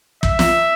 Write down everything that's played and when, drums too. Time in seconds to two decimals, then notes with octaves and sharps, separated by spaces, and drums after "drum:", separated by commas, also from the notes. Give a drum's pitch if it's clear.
0.23 E5, drum: kick
0.39 drum: snare